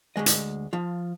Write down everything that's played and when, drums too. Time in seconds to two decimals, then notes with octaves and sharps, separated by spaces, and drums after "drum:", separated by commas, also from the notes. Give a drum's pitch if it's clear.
0.16 D2 F#3 G#3 D#5
0.26 drum: hi-hat
0.73 F3 F4